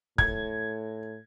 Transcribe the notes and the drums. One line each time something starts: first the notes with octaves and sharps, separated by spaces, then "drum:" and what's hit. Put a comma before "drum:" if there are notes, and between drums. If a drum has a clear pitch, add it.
A2 G#6, drum: kick